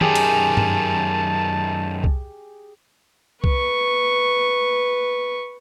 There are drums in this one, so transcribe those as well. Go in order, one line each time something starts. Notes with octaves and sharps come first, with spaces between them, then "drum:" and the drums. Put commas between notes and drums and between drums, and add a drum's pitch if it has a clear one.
F#2 D#3 G4 G#4 A5, drum: tom D#3
drum: cymbal
drum: tom G2
drum: kick C2
B4 C#6, drum: kick C2